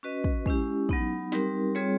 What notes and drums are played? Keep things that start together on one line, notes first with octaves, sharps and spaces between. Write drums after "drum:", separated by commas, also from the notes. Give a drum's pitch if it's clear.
C#4 F#4 B4 D#5
drum: kick
G#3 C#4 E4 G4, drum: kick
F#3 B3 D#4, drum: kick
G3 C4 D#4 G4 A#4, drum: snare
G3 C4 F4 G#4 C#5